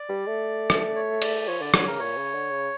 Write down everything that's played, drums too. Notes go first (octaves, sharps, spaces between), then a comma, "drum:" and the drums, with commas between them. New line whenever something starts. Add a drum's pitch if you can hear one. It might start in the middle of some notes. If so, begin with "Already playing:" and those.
Already playing: D5
G3
A3
drum: rim click
C#5
D5, drum: cymbal
F3 C#5
D3 D5
D3 C#5, drum: rim click
C#3 A#4
A#2 C#5
C#3
D3
C#3